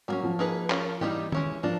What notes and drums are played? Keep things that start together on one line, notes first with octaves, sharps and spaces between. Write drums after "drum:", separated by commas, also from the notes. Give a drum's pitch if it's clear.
F#3 G3 A#3 C#4
F3
A#3 D#4 G#4 B4
C#4 F4 A#4, drum: clap
E3 G3 A#3 D#4 G4
G#3 C#4 E4, drum: tom
F3 A#3 D4